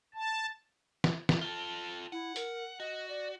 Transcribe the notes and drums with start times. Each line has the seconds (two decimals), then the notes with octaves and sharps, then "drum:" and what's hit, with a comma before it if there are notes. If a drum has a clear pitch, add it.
0.14 A5
1.04 drum: snare
1.29 drum: snare
1.41 F4 A4
2.12 E4 F#5
2.36 A#4, drum: hi-hat
2.80 F#4 D#5
3.09 D5